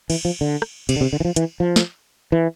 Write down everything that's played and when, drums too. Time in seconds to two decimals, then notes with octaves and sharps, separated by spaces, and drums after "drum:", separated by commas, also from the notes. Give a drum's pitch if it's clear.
0.10 E3, drum: cymbal
0.25 F3
0.41 D3
0.62 drum: rim click
0.89 C3, drum: cymbal
0.96 D3
1.01 C3
1.13 D3
1.20 E3
1.25 F3
1.36 E3, drum: hi-hat
1.60 F3
1.76 drum: snare
2.32 E3